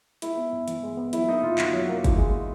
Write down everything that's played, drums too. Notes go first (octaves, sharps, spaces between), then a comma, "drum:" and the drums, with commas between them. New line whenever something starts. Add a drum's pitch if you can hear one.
G#3 E4, drum: hi-hat
B3
G2
E3, drum: hi-hat
G#3
B3
F#3 E4, drum: hi-hat
A#3 D#4
F#2 F4
D#3 F#4, drum: clap
F#3
A#3
E3, drum: kick, hi-hat
G#3